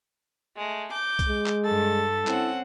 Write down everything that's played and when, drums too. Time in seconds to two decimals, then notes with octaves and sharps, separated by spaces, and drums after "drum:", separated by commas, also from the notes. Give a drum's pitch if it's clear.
0.56 G#3 A3
0.92 D6 G6
1.19 drum: kick, hi-hat
1.28 G#3
1.46 drum: clap
1.65 G2 A4 A6
2.27 C4 C#4 E4 F#5, drum: clap